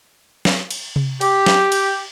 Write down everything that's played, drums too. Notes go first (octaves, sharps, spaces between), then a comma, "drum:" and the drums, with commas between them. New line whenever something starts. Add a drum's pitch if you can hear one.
drum: snare
drum: cymbal
drum: tom C3
G4, drum: cymbal
drum: snare
drum: cymbal